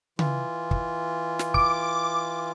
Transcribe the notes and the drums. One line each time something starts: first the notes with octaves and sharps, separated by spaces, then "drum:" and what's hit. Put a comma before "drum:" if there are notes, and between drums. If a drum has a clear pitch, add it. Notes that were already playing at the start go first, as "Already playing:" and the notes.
E3 F4, drum: tom C#3
drum: kick
drum: snare
D6, drum: kick